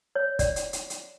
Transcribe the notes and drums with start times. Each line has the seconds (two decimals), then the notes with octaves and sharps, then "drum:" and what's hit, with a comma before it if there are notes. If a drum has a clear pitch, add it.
0.15 C#5
0.39 D5, drum: kick, hi-hat
0.56 drum: hi-hat
0.73 drum: hi-hat
0.90 drum: hi-hat